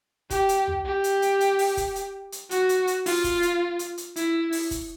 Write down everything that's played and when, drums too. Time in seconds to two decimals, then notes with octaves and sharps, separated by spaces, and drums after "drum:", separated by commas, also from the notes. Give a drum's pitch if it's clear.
0.30 G4, drum: kick, hi-hat
0.49 drum: hi-hat
0.67 drum: tom
0.86 G4
1.04 drum: hi-hat
1.22 drum: hi-hat
1.41 drum: hi-hat
1.59 drum: open hi-hat
1.77 drum: kick, hi-hat
1.96 drum: hi-hat
2.32 drum: hi-hat
2.51 F#4, drum: hi-hat
2.69 drum: hi-hat
2.87 drum: hi-hat
3.06 F4, drum: open hi-hat
3.24 drum: kick, hi-hat
3.42 drum: hi-hat
3.79 drum: hi-hat
3.98 drum: hi-hat
4.16 E4, drum: hi-hat
4.53 drum: open hi-hat
4.71 drum: kick, hi-hat